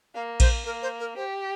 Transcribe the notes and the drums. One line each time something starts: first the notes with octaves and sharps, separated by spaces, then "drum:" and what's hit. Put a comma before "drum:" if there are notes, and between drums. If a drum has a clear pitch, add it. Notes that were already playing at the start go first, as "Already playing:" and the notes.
A#3 F5
C5, drum: kick A#1, cymbal
A#3 A#4
C5
A#4
G4 C5